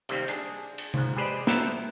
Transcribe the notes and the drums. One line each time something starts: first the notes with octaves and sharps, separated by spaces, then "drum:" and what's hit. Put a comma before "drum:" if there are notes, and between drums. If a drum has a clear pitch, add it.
C3 D#3 G3 A#3 C4, drum: cymbal
D4 G#4, drum: hi-hat
drum: cymbal
G#2 F3, drum: tom C3
G4 G#4 B4 C5 D5 D#5
B3 A4 C5 E5 G5 A#5, drum: snare